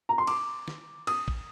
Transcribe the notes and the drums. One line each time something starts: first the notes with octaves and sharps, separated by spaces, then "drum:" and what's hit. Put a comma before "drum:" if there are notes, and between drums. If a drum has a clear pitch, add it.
A#5
C6
D6, drum: cymbal
drum: snare
D#6, drum: cymbal
drum: kick